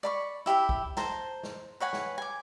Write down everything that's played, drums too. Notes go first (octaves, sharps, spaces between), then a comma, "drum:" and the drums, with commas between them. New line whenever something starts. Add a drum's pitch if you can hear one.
D5 B5 C#6
E4 G4 E5 B5
drum: kick
C5 A5 A#5, drum: snare
drum: snare
B4 C#5 F#5 G#5
drum: snare
G#5 D6